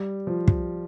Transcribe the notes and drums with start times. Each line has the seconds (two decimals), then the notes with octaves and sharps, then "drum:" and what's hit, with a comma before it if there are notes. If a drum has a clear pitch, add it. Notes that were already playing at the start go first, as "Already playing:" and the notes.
Already playing: G3
0.27 F3
0.48 drum: kick